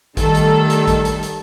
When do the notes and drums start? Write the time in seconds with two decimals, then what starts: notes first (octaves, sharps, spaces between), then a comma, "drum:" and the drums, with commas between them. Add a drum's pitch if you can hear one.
0.17 D#3 G3 A3 A4, drum: kick A1, hi-hat
0.35 drum: hi-hat
0.70 drum: hi-hat
0.88 drum: kick A1, hi-hat
1.05 drum: hi-hat
1.23 drum: hi-hat